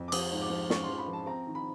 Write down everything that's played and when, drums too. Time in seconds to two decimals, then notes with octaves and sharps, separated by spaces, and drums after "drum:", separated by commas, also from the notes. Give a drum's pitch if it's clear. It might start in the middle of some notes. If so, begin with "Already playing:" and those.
Already playing: F2
0.08 D6
0.12 F3 D#6, drum: cymbal
0.32 G#2
0.41 D6
0.50 F3
0.70 C#4 C#6, drum: snare
0.84 C6
0.89 F3
0.98 B5
1.08 F3
1.13 A5
1.26 C4 A#5
1.47 D#3
1.55 B5